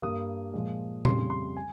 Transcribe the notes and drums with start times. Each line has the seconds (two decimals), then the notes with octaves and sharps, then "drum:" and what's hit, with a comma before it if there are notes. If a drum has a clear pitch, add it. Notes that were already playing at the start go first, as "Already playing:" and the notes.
0.02 G2 G3 A#3 D#6
0.54 A#2 F3 G#3
1.05 F2 C#3 G3 C6, drum: tom A#2
1.30 C6
1.57 G#5